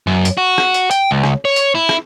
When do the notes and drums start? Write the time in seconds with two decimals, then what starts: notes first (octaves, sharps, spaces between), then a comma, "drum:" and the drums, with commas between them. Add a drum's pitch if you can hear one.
0.07 F#2
0.25 drum: hi-hat
0.37 F#4
0.58 drum: rim click
0.74 drum: hi-hat
0.91 G5, drum: hi-hat
1.11 C#2
1.24 drum: rim click
1.45 C#5
1.56 drum: hi-hat
1.75 E4
1.89 drum: rim click